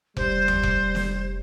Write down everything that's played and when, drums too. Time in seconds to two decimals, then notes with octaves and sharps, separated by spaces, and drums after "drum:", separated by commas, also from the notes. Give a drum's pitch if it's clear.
0.17 F1 G3 C5, drum: kick F1
0.48 drum: tom D#2
0.64 drum: kick F1
0.95 drum: snare